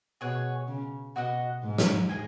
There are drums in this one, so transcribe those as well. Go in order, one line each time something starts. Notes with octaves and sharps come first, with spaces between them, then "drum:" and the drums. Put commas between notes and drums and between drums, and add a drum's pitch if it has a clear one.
B2 G#4 C#5 F#5
C#3
B2 F#4 D#5 F#5
G#2
drum: snare
G#4 D#5 G#5